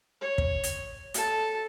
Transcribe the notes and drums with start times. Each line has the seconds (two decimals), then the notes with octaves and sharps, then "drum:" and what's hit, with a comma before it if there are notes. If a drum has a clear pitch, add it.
0.21 C#5
0.38 drum: kick
0.64 drum: hi-hat
1.14 A4 A5, drum: hi-hat